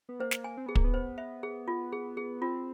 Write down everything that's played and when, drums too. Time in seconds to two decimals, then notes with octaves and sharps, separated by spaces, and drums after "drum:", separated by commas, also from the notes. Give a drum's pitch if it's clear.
0.09 B3
0.19 A#3 C5
0.31 drum: snare
0.44 G#5
0.57 C4
0.66 B3 G#4
0.75 A#3, drum: kick
0.84 B3
0.94 C5
1.18 E5
1.43 G#4
1.68 F4
1.92 G#4
2.17 G#4
2.41 C4 F4